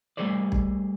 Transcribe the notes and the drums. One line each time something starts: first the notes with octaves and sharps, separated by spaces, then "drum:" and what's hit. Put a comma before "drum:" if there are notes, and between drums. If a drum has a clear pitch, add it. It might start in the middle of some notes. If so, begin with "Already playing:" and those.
G3 A3 A#3 G#4 C5 D5
drum: kick